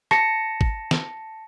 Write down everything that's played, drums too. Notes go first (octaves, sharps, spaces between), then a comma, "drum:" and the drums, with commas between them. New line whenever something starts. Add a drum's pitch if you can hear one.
A5 A#6 C#7, drum: rim click
drum: kick
drum: snare